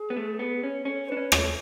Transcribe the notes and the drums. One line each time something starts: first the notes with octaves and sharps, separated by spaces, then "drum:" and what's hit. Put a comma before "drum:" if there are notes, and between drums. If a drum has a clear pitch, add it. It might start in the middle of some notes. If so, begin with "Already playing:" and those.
Already playing: G#4
B3
A3
B3
C#4
C#4 A4
C#5
D4 B4
C#4
C#5, drum: rim click
A3